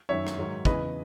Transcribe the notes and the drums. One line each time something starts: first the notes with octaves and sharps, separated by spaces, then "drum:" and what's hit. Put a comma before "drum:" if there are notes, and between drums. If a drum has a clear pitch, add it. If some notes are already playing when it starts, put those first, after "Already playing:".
F#2 D#3 F#3 C#5 E5
drum: rim click
G#2 D#3 F#3
E2 C#3 E3 B4 D#5, drum: kick